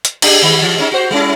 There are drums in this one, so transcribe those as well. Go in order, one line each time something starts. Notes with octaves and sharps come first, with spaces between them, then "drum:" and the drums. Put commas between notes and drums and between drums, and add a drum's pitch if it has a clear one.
drum: hi-hat
D4 G4 G#4, drum: cymbal
D#3 G#3
E3
G#3 C#4 D#4
F#4 C5
G3 C#4 E4